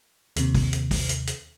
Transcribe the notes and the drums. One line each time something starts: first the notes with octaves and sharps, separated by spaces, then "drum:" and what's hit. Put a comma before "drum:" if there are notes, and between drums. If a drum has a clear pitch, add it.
D#2 C3, drum: hi-hat
drum: kick, open hi-hat
drum: hi-hat
drum: kick, open hi-hat
drum: hi-hat
drum: hi-hat